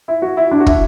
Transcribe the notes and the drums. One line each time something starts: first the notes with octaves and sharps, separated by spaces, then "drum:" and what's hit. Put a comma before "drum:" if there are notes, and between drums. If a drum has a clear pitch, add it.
E4
F#4
E4
D4
F#4
E4, drum: kick